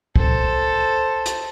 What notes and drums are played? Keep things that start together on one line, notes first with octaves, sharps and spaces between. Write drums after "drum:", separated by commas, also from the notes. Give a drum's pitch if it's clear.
A4 C5, drum: kick
drum: hi-hat